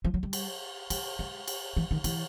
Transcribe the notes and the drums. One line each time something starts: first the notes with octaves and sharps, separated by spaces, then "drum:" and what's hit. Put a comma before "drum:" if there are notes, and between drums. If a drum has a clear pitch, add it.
F3
F#3
G3
drum: cymbal
G#3, drum: cymbal
G#3
drum: cymbal
E3
D#3
E3, drum: cymbal